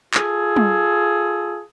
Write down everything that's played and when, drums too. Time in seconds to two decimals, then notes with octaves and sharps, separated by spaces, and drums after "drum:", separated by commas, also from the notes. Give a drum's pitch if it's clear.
0.14 F4 G#4 A4, drum: clap
0.56 drum: tom